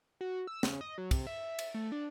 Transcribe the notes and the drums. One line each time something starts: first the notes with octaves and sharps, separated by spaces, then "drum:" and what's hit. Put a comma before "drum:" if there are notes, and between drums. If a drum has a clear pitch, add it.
F#4
E6
C#3, drum: snare
D#5
F#3
C3, drum: kick, cymbal
E5
drum: cymbal
A3
D4